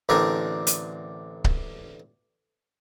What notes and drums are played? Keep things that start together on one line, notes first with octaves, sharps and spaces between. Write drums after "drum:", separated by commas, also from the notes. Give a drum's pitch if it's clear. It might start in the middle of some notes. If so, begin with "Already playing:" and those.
A1 D3 C4 D4 A#4 G#5
drum: hi-hat
drum: kick C#1